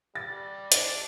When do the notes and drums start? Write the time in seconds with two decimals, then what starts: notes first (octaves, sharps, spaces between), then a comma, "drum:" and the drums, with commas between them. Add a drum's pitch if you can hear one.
0.15 G3 A6
0.72 D4, drum: hi-hat